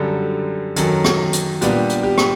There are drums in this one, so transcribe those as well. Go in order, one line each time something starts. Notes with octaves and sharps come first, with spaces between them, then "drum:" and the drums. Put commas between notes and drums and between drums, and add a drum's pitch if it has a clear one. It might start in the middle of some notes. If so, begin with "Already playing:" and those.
Already playing: F#2 D3 G3 A4
F#2 D#3 F#3 A4, drum: hi-hat
drum: rim click
drum: hi-hat
A#2 G3 B3 D4 G4, drum: hi-hat
drum: hi-hat
G4
drum: rim click